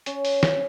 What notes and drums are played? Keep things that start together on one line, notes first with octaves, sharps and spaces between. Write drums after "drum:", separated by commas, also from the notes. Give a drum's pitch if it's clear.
C#4, drum: hi-hat
drum: open hi-hat
drum: snare